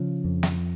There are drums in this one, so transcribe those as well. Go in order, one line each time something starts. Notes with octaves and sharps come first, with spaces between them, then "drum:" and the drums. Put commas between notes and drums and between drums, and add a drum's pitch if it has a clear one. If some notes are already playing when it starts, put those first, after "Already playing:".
Already playing: C#3 F3
F2
drum: snare